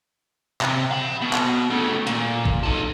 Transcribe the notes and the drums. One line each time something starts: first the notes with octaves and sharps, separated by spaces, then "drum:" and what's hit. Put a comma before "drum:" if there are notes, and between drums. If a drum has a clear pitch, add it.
C3, drum: clap
F5 B5
B2
drum: clap
C#3 A3
A#2, drum: hi-hat
drum: kick
D#4 A4